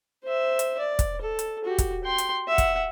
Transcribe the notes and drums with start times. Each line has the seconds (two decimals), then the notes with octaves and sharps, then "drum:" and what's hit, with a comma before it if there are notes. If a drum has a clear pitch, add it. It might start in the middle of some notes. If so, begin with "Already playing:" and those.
0.24 C5 E5
0.59 drum: hi-hat
0.79 D5
0.99 drum: kick, hi-hat
1.21 A4
1.39 drum: hi-hat
1.64 F#4 G4
1.78 drum: kick, hi-hat
2.04 G5 C6
2.18 drum: hi-hat
2.48 E5 F#5
2.58 drum: kick, hi-hat